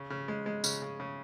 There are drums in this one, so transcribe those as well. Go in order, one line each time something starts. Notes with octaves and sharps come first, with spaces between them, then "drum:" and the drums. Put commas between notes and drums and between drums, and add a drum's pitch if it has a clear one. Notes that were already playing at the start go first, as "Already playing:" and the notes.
Already playing: C#3
C#3
G#3
G#3
C#3, drum: tambourine
C#3
C#3